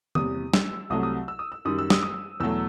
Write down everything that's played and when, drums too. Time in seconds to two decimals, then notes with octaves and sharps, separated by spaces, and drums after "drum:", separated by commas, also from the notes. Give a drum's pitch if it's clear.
0.15 E2 C3 E3 G3 D#6, drum: tom D3
0.53 E6, drum: snare
0.90 C2 C3 F#3 A3 D#6
1.03 D#6
1.28 E6
1.39 D#6
1.52 E6
1.65 F#2 D#3 G3 D#6
1.79 E6
1.90 D#6, drum: snare
2.03 D#6
2.40 E2 B2 F#3 A3 E6